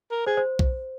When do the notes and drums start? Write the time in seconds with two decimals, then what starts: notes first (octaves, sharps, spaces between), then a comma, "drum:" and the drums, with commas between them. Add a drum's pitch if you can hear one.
0.11 A#4
0.26 G#4 C5
0.37 C5
0.59 drum: kick B1